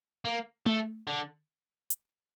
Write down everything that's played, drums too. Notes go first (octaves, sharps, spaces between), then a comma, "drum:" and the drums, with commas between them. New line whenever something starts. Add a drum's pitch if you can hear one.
A#3
A3, drum: tom A3
D3
drum: hi-hat